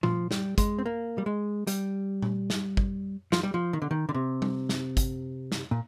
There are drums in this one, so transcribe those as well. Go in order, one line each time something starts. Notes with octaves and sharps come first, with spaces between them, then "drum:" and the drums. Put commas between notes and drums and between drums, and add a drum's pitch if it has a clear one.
F3, drum: tom A#2
G3, drum: snare
G#3, drum: kick, hi-hat
C4
A#3
G3
G#3
G3, drum: hi-hat
drum: tom A#2
drum: snare
drum: kick
F3, drum: snare
G3
F3
D#3
D3
D#3
D3
C3
drum: tom G3
drum: snare
drum: kick, hi-hat
drum: snare
A#2